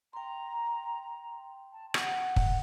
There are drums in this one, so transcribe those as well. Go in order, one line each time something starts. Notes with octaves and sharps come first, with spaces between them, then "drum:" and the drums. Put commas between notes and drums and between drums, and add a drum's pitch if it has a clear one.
G5 A#5 C6
A5
F#5, drum: rim click
drum: kick